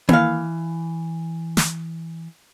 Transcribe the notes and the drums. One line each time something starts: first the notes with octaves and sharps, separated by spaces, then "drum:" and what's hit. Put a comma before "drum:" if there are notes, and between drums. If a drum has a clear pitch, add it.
E3 F5, drum: tom A#3
drum: snare